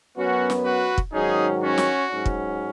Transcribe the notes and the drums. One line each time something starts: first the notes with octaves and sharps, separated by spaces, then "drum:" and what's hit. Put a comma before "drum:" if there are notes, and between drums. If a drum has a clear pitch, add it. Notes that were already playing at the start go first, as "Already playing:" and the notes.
F#2 F#3 B3 C#4 F#4
drum: snare
F#4 B4
drum: kick
G#2 D#3 F#3 C#4 D#4 G#4
C#4 F#4
drum: snare
G#2 F#3 C#4
drum: kick